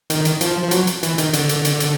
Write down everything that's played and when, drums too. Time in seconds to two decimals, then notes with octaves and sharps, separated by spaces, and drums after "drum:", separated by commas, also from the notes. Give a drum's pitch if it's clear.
0.10 D#3, drum: hi-hat
0.25 drum: hi-hat
0.41 F3, drum: hi-hat
0.63 F3
0.71 F#3, drum: hi-hat
0.87 drum: hi-hat
1.03 E3, drum: hi-hat
1.18 D#3, drum: hi-hat
1.33 D3, drum: hi-hat
1.49 drum: hi-hat
1.65 drum: hi-hat
1.80 drum: hi-hat